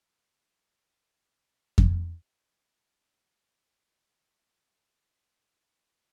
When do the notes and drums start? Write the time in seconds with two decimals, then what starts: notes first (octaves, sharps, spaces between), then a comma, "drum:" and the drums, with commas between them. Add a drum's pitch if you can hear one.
0.67 D3 A3 E4 G5
0.84 D5
0.88 E5
1.09 G5
1.29 A5
1.78 drum: kick F2
2.33 A2 A3 D4
3.16 B5
3.36 D6
3.58 G6
3.99 E3 A3 D4
4.82 A6
4.95 E6
5.04 G6
5.24 E6
5.45 A5
5.54 B5
5.64 B2 B3 E4 A5